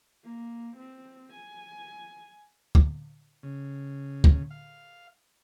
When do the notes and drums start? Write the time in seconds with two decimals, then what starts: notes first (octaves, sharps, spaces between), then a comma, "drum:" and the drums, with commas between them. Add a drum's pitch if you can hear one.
0.24 A#3
0.76 C4
1.33 G#5
2.75 drum: kick
3.43 C#3
4.24 drum: kick
4.51 F5